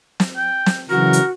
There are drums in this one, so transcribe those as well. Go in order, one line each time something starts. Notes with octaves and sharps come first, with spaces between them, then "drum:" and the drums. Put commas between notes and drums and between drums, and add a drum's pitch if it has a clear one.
drum: snare
G5
drum: snare
C#3 E3 F#3 F#4 A#4
drum: hi-hat